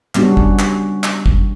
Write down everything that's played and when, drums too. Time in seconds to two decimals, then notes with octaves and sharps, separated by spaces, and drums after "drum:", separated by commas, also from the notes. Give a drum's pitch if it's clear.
0.15 G3 B3 C#4 D4 F#4, drum: clap
0.37 drum: kick
0.59 drum: clap
1.03 drum: clap
1.26 drum: kick